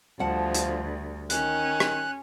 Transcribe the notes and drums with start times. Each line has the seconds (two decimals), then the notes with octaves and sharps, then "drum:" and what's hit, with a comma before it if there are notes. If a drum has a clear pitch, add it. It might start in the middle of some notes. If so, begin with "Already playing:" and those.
0.19 D2 F3 G3 F#5 A5
0.54 drum: hi-hat
1.30 D#3 C#4 F#6, drum: hi-hat
1.80 drum: rim click